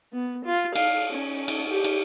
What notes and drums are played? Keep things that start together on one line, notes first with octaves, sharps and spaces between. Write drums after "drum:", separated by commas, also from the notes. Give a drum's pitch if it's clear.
B3
F4
F5, drum: cymbal
C#4
drum: cymbal
G4
drum: cymbal